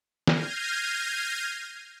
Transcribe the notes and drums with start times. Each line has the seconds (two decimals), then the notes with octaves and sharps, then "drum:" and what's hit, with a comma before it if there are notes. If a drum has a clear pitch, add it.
0.27 F6 G6 G#6 A#6 C7 D#7, drum: snare